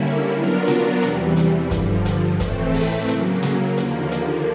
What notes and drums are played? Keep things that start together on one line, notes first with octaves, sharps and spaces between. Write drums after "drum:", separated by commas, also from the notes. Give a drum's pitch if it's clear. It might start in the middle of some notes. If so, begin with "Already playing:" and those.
Already playing: D3 G3 A#3 C#4 E4
F#3 B3 D4 F4 A#4
drum: snare
E2 C3 E3 G3, drum: hi-hat
drum: hi-hat
G2 D3 F3, drum: kick, hi-hat
drum: hi-hat
A2 E3 A3 C4, drum: kick, hi-hat
drum: open hi-hat
C#3 F#3 A#3, drum: hi-hat
drum: snare
D#2 D3 F3 A#3, drum: hi-hat
drum: hi-hat